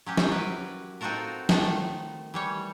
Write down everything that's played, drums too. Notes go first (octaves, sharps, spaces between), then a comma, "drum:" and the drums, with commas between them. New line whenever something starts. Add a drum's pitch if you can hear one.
F#3 C#4 G4
drum: snare
A#4 B4
C4 D#4 F4 F#4 A4 A#4
D#3 A3 A4, drum: snare
E3 G3 C#5